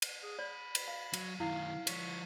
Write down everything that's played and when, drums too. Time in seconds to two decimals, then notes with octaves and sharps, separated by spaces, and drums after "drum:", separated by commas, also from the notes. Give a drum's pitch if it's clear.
0.02 drum: cymbal
0.23 G#4
0.39 D5 B5
0.75 drum: cymbal
0.88 F5
1.13 F#3, drum: cymbal
1.40 F#2 D#3 E4 F5
1.87 F3 C#5, drum: cymbal